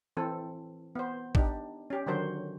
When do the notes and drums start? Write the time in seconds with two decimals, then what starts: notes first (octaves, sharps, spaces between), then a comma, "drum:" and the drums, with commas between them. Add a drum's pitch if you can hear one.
0.17 E3 C4 A4
0.95 B3 C5
1.35 D4 D#4 G4, drum: kick A1
1.90 C#4 G4
2.06 D3 D#3 F#3 F#4 A#4 C5